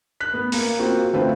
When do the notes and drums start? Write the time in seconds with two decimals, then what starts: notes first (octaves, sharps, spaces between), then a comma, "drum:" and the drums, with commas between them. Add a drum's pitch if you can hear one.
0.20 F#6 B6
0.33 B3
0.52 A#3, drum: open hi-hat
0.79 A#3 C4 F4 F#4
1.13 D3 A3 C4 F4 B4 C5